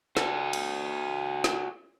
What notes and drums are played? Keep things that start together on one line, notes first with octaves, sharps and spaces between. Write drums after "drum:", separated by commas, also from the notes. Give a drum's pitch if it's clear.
F#4 A4, drum: snare
drum: cymbal
drum: snare